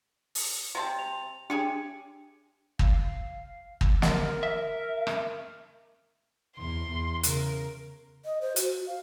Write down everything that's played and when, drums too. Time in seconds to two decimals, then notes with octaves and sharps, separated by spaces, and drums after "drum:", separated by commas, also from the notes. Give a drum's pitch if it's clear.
0.35 drum: open hi-hat
0.75 C3 C4 A5
0.99 F7
1.50 D4 G4 G#4 G#5 C#7
2.79 F5, drum: kick
3.81 drum: kick
4.02 A#4, drum: snare
4.43 E5
5.07 drum: rim click
6.58 E2 C6
6.90 E2
7.23 C#3 A#4, drum: hi-hat
8.25 D#5
8.41 C5
8.56 F#4, drum: hi-hat
8.87 F5